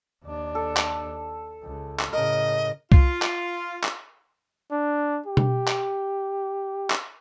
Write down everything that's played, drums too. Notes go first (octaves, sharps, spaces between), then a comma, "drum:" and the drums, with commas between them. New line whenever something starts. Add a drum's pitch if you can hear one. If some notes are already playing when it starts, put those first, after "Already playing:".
D#2 D4
A4
drum: clap
C#2
drum: clap
A2 C#3 A#4 D#5
F4, drum: kick C2
drum: clap
drum: clap
D4
G4
drum: tom B2
drum: clap
drum: clap